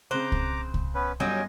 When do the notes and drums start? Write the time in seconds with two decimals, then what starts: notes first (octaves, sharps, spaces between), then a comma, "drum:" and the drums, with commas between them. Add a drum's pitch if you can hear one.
0.11 C#3 C4 C5 A#5 D6 F#6
0.32 drum: kick C2
0.74 drum: kick C2
0.94 B3 C#4 B4
1.20 G1 F#3 G3 C#4 D#5 G#5